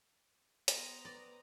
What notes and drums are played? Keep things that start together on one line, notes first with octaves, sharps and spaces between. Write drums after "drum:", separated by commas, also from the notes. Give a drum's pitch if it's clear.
B3 C5 G5 A#5 D#6, drum: hi-hat
B4 D5